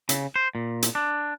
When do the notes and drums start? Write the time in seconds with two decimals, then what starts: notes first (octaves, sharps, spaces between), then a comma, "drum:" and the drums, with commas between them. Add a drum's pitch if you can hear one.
0.09 C#3, drum: hi-hat
0.36 C5
0.55 A#2
0.82 drum: hi-hat
0.95 D4